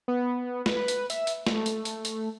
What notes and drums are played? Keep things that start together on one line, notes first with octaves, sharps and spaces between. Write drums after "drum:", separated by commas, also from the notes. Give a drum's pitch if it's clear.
B3
B4, drum: snare
drum: hi-hat
E5, drum: hi-hat
drum: hi-hat
A3, drum: snare
drum: hi-hat
drum: hi-hat
drum: hi-hat